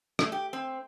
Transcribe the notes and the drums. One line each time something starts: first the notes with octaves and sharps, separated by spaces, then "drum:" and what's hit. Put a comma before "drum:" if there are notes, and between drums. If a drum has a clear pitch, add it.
A3, drum: rim click
G4
C4